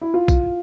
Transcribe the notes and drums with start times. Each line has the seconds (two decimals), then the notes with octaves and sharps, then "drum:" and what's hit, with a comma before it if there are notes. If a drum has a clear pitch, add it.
0.01 E4
0.14 F4
0.28 drum: kick, tambourine